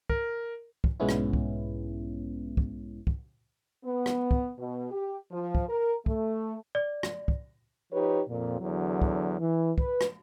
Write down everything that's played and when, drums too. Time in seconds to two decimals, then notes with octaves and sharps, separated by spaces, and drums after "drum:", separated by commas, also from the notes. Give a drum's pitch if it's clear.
0.10 A#4, drum: kick
0.84 drum: kick
1.00 B1 G#2 G#3 B3 C#4 E4
1.09 drum: rim click
1.33 drum: kick
2.57 drum: kick
3.07 drum: kick
3.85 B3
4.06 drum: rim click
4.31 drum: kick
4.59 B2
4.91 G4
5.31 F3
5.55 drum: kick
5.69 A#4
6.06 A3, drum: kick
6.75 D5
7.03 drum: rim click
7.28 drum: kick
7.92 F3 D#4 G4 B4 C#5
8.29 F2 A#2
8.60 E2 D3 F#3
9.02 drum: kick
9.39 E3
9.78 B4, drum: kick
10.01 drum: rim click